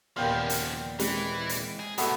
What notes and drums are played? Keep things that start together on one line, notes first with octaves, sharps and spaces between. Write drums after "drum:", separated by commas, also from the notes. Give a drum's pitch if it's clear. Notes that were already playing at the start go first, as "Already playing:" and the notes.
D#2 A#2 C#3 F3 B3 F5 G5 B5
drum: hi-hat
E3 G#3 C4 C#7, drum: hi-hat
drum: hi-hat
G#4
G#2 B2 A3 B3 F#4, drum: hi-hat